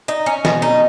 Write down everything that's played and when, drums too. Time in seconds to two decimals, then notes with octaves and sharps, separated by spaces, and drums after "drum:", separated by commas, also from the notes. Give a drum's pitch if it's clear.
0.08 D#4
0.26 C#4
0.45 B2, drum: snare
0.62 D#4